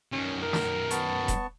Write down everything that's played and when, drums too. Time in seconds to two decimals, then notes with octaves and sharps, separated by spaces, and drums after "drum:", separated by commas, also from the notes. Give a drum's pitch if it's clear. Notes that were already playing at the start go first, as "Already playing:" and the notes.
0.12 F#2 D#3 C#4
0.42 A#4
0.53 drum: snare
0.91 B3 A5 C#6, drum: hi-hat
1.28 drum: kick E1, hi-hat